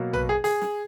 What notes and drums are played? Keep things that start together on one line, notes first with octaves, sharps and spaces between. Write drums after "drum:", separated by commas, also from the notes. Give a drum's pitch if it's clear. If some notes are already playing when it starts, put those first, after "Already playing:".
Already playing: B2 F#3 A#3
B4, drum: tom A#1
G#4
G#4, drum: open hi-hat
drum: snare